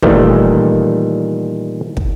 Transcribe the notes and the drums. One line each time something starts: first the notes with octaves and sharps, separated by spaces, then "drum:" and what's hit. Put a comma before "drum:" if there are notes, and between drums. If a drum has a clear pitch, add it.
A#2 D#3 E3 G3 A3, drum: kick
drum: kick